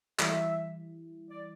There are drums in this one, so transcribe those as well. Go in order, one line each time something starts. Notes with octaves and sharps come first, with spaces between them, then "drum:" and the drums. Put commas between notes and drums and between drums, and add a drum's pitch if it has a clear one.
E3 G3 E4 E5, drum: clap
D5